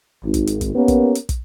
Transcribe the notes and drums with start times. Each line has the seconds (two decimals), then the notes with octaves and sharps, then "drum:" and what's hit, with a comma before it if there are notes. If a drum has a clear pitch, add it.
0.24 G#1
0.34 drum: kick, hi-hat
0.47 drum: hi-hat
0.61 drum: kick, hi-hat
0.74 A#3 B3 C#4 G4 A#4
0.88 drum: kick, hi-hat
1.15 drum: hi-hat
1.29 drum: kick, hi-hat